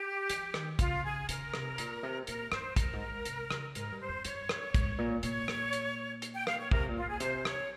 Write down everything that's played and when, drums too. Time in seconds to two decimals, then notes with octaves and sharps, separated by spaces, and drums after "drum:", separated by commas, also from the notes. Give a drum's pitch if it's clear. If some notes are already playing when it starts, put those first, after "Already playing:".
Already playing: G4
0.29 F3, drum: hi-hat
0.54 D#3, drum: rim click
0.79 C#3 F4, drum: kick, hi-hat
1.04 G#4
1.29 C#3 A#4, drum: hi-hat
1.54 C3, drum: rim click
1.78 A#2, drum: hi-hat
2.03 C3
2.27 A#2 A#4, drum: hi-hat
2.52 G2 C5, drum: rim click
2.76 G2 A#4, drum: kick, hi-hat
2.93 G#2
3.10 G#2
3.25 C3, drum: hi-hat
3.51 C#3, drum: rim click
3.75 G#2 A#4, drum: hi-hat
3.92 G2
4.00 C5
4.09 F2
4.25 G2 C#5, drum: hi-hat
4.49 drum: rim click
4.74 G#2, drum: kick, hi-hat
4.98 A#2
5.23 A#2 C#5, drum: hi-hat
5.48 drum: rim click
5.73 drum: hi-hat
6.22 drum: hi-hat
6.34 G5
6.47 F5, drum: rim click
6.59 C#5
6.71 C3 A#4, drum: kick
6.89 A#2
6.96 F4
7.04 A#2 G#4
7.20 C3 C5, drum: hi-hat
7.45 C#5, drum: rim click